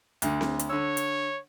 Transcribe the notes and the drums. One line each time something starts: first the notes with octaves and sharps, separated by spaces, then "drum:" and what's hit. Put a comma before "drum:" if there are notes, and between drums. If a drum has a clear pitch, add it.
D2 D3, drum: hi-hat
drum: snare C4
drum: hi-hat
D3 C#5 E6
drum: hi-hat